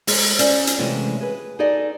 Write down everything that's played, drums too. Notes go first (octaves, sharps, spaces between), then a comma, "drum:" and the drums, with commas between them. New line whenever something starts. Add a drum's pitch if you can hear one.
G#3, drum: open hi-hat
C#4 C5 D5, drum: hi-hat
drum: hi-hat
C3 E3 G#3 A3 C#4 F4
G#4 B4
D#4 F#4 G#4 A4 D5 D#5